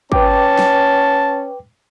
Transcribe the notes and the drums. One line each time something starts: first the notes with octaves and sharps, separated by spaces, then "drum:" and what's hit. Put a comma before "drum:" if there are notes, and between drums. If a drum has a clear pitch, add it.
C#4 B4 G5 A5 D6, drum: kick
drum: snare